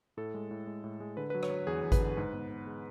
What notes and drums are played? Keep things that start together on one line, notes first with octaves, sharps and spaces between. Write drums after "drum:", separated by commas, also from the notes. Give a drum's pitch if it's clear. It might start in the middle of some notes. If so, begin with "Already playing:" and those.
A2 A4
G#3
A2
G#3
A2
G#3
D3 B4
F#3 B4
C#5, drum: rim click
F#3
E2 G#4
E2
B4, drum: kick G#1, hi-hat
D3
G#2
B3
B3
G#3